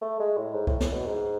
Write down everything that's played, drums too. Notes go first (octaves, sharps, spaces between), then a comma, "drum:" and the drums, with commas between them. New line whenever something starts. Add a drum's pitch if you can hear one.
A3
G#3
A2
G#2
A2, drum: kick C2
A2, drum: snare
B2
G#2